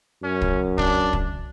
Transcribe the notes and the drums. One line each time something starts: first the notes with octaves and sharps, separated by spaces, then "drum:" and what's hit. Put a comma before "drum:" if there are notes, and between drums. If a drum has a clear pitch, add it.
F#2 C#4
drum: kick
D4, drum: kick
drum: kick